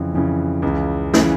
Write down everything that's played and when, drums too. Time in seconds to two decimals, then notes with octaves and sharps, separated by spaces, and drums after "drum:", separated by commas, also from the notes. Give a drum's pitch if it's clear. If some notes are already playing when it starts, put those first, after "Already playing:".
Already playing: F2 C#3 E3
0.14 F2 C#3 E3
0.62 C#2 C#3 E3
1.14 C#3 E3, drum: snare